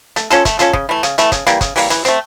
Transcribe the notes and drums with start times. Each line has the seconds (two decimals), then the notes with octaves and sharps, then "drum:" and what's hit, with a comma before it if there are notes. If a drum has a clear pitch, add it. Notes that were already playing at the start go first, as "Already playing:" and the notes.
0.16 A3, drum: hi-hat
0.30 C#4 F4 A4, drum: hi-hat
0.45 A3, drum: kick, hi-hat
0.59 C#4 F4 A4, drum: hi-hat
0.73 C#3, drum: kick
0.89 E3 A3
1.03 C#3, drum: hi-hat
1.18 E3 A3, drum: hi-hat
1.32 C#3, drum: kick, hi-hat
1.47 E3 G3 A#3, drum: hi-hat
1.61 C#3, drum: kick, hi-hat
1.76 E3 G3 A#3, drum: open hi-hat
1.90 E3, drum: hi-hat
2.05 A3 C4, drum: hi-hat